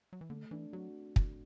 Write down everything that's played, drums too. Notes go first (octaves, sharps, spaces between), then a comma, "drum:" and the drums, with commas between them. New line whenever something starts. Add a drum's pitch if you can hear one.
F#3
E3
D3 A3
E3 D4
F#3 F#4
drum: kick